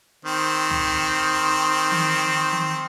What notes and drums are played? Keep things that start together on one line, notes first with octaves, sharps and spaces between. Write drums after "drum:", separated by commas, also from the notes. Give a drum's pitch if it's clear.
D#3 C4
drum: tom C#2
drum: tom D#3
drum: tom D#3